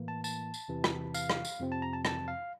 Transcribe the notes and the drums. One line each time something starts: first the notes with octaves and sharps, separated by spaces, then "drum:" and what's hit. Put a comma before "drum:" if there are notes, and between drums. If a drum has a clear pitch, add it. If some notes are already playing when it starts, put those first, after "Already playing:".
Already playing: A2 E3 A#3
A5
A5, drum: tambourine
drum: tambourine
E2 C3 E3
drum: rim click
F5, drum: tambourine
drum: rim click
drum: tambourine
F2 C3 F3 C4
A5
A#5
A5
A5, drum: rim click
F5